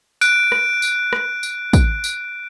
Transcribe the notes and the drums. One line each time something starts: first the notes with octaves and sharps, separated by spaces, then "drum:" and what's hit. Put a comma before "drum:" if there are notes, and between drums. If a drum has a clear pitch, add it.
F#6 D7, drum: tambourine
drum: rim click
drum: tambourine
drum: rim click
drum: tambourine
drum: kick, tambourine
drum: tambourine